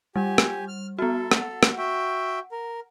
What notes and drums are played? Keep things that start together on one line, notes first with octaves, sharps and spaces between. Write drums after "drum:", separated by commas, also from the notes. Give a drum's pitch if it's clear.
G3 G4 G#5
drum: rim click
F6
B3 F#4 A4
F#5, drum: rim click
drum: rim click
F#4 E5 G5
A#4